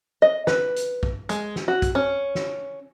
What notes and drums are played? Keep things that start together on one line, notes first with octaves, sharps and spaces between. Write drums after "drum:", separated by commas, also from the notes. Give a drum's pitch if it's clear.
D#5
B4, drum: snare
drum: hi-hat
drum: kick
G#3, drum: hi-hat
drum: snare
F#4
drum: kick, hi-hat
C#4
drum: snare